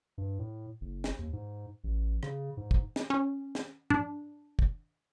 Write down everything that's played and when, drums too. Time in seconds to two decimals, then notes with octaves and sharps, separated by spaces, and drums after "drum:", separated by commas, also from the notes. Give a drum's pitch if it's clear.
0.18 G2
0.39 A2
0.81 F#1
1.04 drum: snare
1.19 D#2
1.33 G#2
1.84 A1
2.23 C#3, drum: rim click
2.57 G#2
2.71 drum: kick
2.96 drum: snare
3.10 C#4
3.55 drum: snare
3.90 D4, drum: tom G#2
4.59 drum: kick